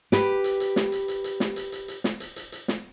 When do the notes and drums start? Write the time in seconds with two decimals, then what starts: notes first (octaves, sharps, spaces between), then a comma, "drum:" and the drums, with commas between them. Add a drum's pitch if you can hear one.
0.12 G4 B4, drum: snare
0.44 drum: hi-hat
0.60 drum: hi-hat
0.76 drum: snare
0.92 drum: hi-hat
1.08 drum: hi-hat
1.24 drum: hi-hat
1.40 drum: snare
1.56 drum: hi-hat
1.72 drum: hi-hat
1.88 drum: hi-hat
2.04 drum: snare
2.20 drum: hi-hat
2.36 drum: hi-hat
2.52 drum: hi-hat
2.68 drum: snare